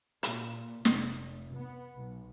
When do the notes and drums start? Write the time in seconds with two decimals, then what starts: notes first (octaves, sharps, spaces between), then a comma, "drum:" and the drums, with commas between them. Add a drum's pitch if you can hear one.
0.23 A#2, drum: hi-hat
0.85 F1, drum: snare
1.54 B3
1.95 B1